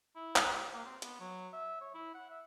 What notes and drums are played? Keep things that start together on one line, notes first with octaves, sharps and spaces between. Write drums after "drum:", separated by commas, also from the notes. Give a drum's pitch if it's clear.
E4
drum: clap
G4
A#3
C4
B3, drum: hi-hat
F#3
E5
C#5
E4
F#5
E5